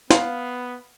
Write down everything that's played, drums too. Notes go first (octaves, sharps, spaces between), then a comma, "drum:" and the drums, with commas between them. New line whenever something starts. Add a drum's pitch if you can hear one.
B3 F5, drum: snare